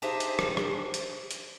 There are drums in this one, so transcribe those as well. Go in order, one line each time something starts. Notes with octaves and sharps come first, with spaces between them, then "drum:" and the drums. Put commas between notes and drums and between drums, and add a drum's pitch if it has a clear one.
D4 D#4 G4 G#4 C5 E5
drum: hi-hat
drum: rim click
drum: rim click
drum: hi-hat
drum: hi-hat